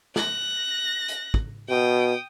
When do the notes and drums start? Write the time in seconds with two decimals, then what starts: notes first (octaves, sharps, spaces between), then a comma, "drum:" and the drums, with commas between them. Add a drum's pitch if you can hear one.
0.16 F#6 A#6, drum: snare
1.08 drum: hi-hat
1.34 drum: kick
1.69 B2 G5 D#6